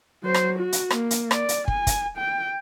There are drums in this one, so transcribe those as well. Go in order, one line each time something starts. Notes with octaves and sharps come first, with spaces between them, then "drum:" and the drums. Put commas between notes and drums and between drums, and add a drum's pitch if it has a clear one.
F#3 C5
drum: rim click
F#4
drum: hi-hat
A#3, drum: rim click
drum: hi-hat
D5, drum: rim click
drum: hi-hat
G#5, drum: kick
drum: kick, hi-hat
G5